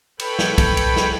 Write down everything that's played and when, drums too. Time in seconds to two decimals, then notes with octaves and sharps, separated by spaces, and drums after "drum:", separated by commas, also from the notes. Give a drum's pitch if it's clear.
0.20 A4 B4 C#5 G5 B5, drum: cymbal
0.39 drum: snare
0.58 drum: kick, cymbal
0.77 drum: cymbal
0.96 drum: snare